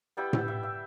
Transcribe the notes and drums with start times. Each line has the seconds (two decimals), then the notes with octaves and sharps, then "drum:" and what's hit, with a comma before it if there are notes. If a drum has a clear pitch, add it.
0.17 G3 B3 E4 G5
0.33 E5, drum: tom A2
0.48 E5
0.63 E5